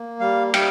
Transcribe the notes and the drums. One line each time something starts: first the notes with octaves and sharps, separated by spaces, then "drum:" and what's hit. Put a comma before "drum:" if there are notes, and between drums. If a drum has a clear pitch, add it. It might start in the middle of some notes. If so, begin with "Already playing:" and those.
Already playing: A#3
G3 F5
G3 G5, drum: cymbal